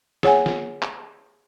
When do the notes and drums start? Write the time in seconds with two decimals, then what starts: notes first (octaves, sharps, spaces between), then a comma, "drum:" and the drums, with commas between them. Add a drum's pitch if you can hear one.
0.23 G#4 C#5 F#5 G#5, drum: snare
0.46 drum: snare
0.82 drum: clap